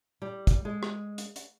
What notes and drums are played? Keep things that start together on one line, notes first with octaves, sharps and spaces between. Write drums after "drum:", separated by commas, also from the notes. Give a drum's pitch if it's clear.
G3
drum: kick, hi-hat
G#3
drum: rim click
drum: hi-hat
drum: hi-hat